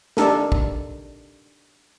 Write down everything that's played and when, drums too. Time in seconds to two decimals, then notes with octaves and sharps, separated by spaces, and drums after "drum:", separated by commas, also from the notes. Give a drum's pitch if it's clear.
0.17 D4 D#4 G4 A4 A#4, drum: snare
0.52 drum: kick